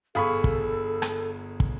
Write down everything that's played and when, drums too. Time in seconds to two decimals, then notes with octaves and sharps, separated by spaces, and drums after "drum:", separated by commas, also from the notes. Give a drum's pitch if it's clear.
0.15 G1 G#4 A4 F5 B5 C#6 D#6
0.44 drum: kick
1.02 drum: rim click
1.60 drum: kick